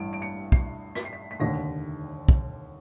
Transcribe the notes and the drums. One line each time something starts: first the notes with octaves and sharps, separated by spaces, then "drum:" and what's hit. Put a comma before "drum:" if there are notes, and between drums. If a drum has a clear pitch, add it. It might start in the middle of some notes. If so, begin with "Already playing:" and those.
Already playing: A1 G2 E3 D7
D7
C#7
C7, drum: kick
B6, drum: rim click
C7
B6
B6
F1 D#2 D3 A#6
drum: kick